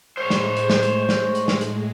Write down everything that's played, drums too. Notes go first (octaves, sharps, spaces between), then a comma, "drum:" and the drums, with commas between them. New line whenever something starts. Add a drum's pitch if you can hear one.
A2 G#3 C5 C#5
drum: snare
drum: hi-hat
drum: snare
drum: hi-hat
drum: snare
drum: hi-hat
drum: snare
drum: hi-hat